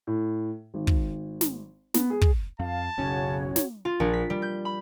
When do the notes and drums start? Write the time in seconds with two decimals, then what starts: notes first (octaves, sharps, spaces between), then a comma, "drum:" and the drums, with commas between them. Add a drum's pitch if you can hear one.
0.07 A2
0.74 G#1
0.87 drum: kick
1.41 drum: snare
1.94 B3, drum: snare
2.10 G#4
2.21 drum: kick
2.59 F2 F5 A5
2.98 F#1 B1 C#3 C#4 F#4 C#5
3.56 drum: snare
3.85 F4
4.00 A#1
4.14 B6
4.30 G3
4.42 G6
4.65 B5